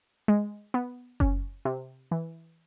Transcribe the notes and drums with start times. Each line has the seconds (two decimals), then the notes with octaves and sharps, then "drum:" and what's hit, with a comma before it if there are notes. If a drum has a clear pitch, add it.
0.28 G#3
0.74 B3
1.20 C#4, drum: kick F#1
1.65 C3
2.11 E3